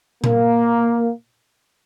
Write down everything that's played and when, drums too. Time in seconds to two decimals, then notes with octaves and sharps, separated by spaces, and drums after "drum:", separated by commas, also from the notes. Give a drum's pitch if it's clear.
0.24 A#3, drum: tom A#2